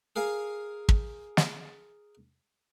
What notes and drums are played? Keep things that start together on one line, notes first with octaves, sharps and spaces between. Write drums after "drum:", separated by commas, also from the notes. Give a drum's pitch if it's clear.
G#4 A#4 F5 G#5
drum: kick
drum: snare